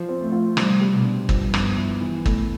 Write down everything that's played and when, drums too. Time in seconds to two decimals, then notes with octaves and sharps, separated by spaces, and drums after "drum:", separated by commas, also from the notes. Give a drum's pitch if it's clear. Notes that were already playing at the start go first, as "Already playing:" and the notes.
Already playing: F3
0.09 C4
0.21 A3
0.32 F4
0.57 C3 G3, drum: rim click
0.81 G3
0.93 B2
1.04 D4
1.29 G2 F3, drum: kick
1.54 B3, drum: rim click
1.78 E4
2.01 E3
2.26 A3, drum: kick